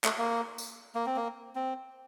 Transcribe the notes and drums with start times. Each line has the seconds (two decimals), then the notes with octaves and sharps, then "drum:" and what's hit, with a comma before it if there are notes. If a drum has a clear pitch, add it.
0.04 A3, drum: clap
0.18 A#3
0.58 drum: tambourine
0.95 A#3
1.06 C4
1.16 A#3
1.55 C4